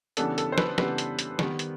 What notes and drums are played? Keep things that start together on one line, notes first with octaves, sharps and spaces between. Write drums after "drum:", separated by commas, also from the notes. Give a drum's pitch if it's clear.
C#3 E3 G3 B3 D4 A4, drum: hi-hat
A4, drum: hi-hat
C5
B4, drum: snare
C#3 E3 G3 B3 D4 B4, drum: snare
drum: hi-hat
drum: hi-hat
D#3 G3 B3, drum: snare
drum: hi-hat